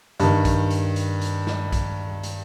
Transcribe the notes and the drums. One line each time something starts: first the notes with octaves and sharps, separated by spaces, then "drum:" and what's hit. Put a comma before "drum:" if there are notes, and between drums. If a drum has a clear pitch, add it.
G2 D#3, drum: hi-hat
drum: kick, hi-hat
drum: hi-hat
drum: hi-hat
drum: hi-hat
drum: snare
drum: kick, hi-hat
drum: hi-hat